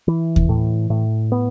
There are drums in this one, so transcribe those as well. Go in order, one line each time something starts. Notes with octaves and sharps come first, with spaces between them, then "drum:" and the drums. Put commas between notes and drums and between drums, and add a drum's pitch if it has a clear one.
E3
drum: kick D#2
A2
A2
B3